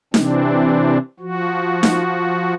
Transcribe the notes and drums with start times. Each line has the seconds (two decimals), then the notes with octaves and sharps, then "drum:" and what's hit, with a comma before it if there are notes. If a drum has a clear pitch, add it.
0.14 C3 E3 C4 D4, drum: snare D#4
1.20 F3 F#4
1.83 drum: snare D#4